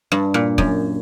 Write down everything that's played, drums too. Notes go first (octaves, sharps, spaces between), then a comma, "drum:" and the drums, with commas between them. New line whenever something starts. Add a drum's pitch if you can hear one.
G2
A#2
F#2, drum: kick